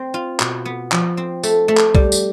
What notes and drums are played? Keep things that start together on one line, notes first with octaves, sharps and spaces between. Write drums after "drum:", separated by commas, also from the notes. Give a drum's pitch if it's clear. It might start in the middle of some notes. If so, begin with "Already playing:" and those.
Already playing: C4
F4
B2, drum: clap
B3
F3, drum: clap
C4
A3, drum: tambourine
A3
drum: clap
G3, drum: kick B1
drum: tambourine